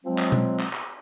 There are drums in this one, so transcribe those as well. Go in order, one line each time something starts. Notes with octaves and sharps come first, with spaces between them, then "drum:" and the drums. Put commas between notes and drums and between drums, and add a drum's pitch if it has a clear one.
F3 F#3 G#3 C4
drum: clap
drum: tom B2
drum: clap
drum: clap